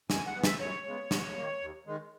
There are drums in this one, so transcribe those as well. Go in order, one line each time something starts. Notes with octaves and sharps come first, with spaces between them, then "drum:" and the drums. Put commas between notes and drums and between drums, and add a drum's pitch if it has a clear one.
F#2 G#5, drum: snare
F#5
E3 B3
E5, drum: snare
F#2 C#5
C#3 G#3 B3
G#2, drum: snare
D#3 A#3
D#2
D#3 G#3